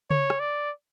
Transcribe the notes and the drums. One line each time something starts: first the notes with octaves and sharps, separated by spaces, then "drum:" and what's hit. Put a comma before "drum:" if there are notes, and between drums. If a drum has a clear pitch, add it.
C#5, drum: tom C#3
drum: rim click
D5